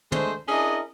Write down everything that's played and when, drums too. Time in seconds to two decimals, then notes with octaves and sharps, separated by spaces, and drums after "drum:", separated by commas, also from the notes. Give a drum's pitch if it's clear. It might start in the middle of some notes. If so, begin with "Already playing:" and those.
0.12 G#3 A3 D4 C5, drum: tom
0.48 C#4 D4 E4 G#4 A#4 D#5